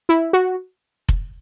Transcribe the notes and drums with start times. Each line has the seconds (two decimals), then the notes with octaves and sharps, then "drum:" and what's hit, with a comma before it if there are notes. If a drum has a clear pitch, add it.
0.09 E4
0.33 F#4
1.09 drum: kick F1